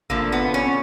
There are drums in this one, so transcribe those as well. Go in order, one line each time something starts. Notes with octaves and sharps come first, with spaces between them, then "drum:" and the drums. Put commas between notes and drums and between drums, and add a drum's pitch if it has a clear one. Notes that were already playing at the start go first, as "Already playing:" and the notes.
D3 F3 A3 A#3, drum: kick G#1
B3
C#4